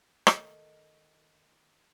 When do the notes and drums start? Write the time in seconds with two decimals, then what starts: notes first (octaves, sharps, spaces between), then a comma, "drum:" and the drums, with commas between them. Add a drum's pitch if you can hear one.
0.27 D#3 A3, drum: rim click